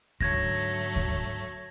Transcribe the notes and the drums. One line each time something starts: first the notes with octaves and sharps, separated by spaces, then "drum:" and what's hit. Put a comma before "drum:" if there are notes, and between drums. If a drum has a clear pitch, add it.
G#2 D3 F#3 A3 C#5 G#6 A#6, drum: kick D2
drum: kick D2